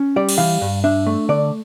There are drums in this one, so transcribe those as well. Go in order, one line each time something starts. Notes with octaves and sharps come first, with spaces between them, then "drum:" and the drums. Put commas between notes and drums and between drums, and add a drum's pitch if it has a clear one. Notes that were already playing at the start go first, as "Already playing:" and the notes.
Already playing: C#4
G3 D5
drum: cymbal
E3 F5
G2
D4 E5
A3
D3 D5